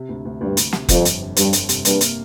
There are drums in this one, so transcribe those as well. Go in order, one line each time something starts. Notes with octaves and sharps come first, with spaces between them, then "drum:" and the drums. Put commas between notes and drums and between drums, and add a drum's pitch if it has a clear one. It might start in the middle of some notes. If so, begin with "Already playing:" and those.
Already playing: C3
D2
D2
D2 G2
D2, drum: hi-hat
C3, drum: snare
G1 F2, drum: kick, hi-hat
F2, drum: hi-hat
G1
G1 G2, drum: hi-hat
G1, drum: hi-hat
C3, drum: hi-hat
G2 A#3, drum: hi-hat
A#3, drum: hi-hat